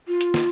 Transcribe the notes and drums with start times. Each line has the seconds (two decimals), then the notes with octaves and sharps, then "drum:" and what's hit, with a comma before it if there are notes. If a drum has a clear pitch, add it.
0.08 F4
0.21 drum: hi-hat
0.34 drum: snare